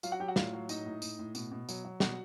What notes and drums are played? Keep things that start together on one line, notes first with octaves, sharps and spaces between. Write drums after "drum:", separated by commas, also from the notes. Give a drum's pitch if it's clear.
F#3 F4 F5, drum: tambourine
F#4 F#5
F#3 G4 G5
F#4 F#5
A2 F4 F5, drum: snare
F#3
A2 D#4 D#5, drum: tambourine
A2
A2, drum: tambourine
A2
B2, drum: tambourine
B2
F#3, drum: tambourine
F#3
B2 F#4 F#5, drum: snare